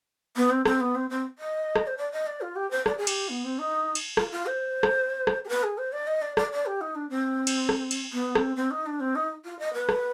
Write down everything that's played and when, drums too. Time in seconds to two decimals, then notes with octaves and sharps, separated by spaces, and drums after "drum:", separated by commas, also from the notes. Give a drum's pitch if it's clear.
0.37 B3
0.50 C4
0.65 C4, drum: rim click
0.80 B3
0.95 C4
1.10 C4
1.39 D#5
1.76 drum: rim click
1.87 C5
1.98 D5
2.12 D#5
2.27 D5
2.41 F4
2.56 G4
2.71 C5
2.86 D5, drum: rim click
2.98 G#4
3.07 G4, drum: cymbal
3.29 B3
3.44 C4
3.59 D#4
3.95 drum: cymbal
4.17 F4, drum: rim click
4.32 F4
4.46 C5
4.83 drum: rim click
5.27 drum: rim click
5.45 G#4
5.49 B4
5.63 G#4
5.78 C5
5.93 D5
6.07 D#5
6.22 D5
6.37 D5, drum: rim click
6.52 D5
6.66 G4
6.81 D#4
6.95 D4
7.10 C4
7.47 drum: cymbal
7.69 drum: rim click
7.91 drum: cymbal
8.13 B3
8.35 C4, drum: rim click
8.56 C4
8.71 D#4
8.86 D4
9.00 C4
9.15 D#4
9.45 F4
9.59 D#5
9.74 B4
9.89 drum: rim click